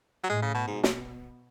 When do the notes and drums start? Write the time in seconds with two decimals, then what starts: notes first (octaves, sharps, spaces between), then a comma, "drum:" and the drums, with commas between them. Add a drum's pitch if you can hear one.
0.24 F#3
0.30 A2 G#3
0.42 C#3
0.54 B2
0.67 G#2 B2
0.84 drum: snare